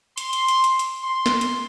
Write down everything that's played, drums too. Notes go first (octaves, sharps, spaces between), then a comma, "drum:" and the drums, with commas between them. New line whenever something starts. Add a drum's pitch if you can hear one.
C6, drum: hi-hat
drum: hi-hat
drum: hi-hat
drum: hi-hat
drum: hi-hat
C6
drum: snare
drum: hi-hat